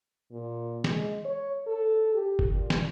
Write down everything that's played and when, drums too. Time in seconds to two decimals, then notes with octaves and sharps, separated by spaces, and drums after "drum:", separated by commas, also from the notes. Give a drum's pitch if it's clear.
0.32 A#2
0.84 G#3, drum: snare
1.25 C#5
1.67 A4
2.14 G4
2.39 drum: kick F#1
2.51 A#2
2.70 drum: snare